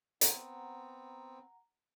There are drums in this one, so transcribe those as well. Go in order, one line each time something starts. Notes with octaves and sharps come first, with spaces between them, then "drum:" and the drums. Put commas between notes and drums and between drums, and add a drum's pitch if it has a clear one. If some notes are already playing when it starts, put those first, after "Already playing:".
B3 C4 F#5 A#5, drum: hi-hat